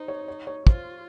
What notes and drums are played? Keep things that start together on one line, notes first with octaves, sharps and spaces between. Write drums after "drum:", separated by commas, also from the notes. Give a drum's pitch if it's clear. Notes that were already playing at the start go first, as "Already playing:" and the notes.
Already playing: D#4 C5
C#5
C#5
C#5
F4 C5, drum: kick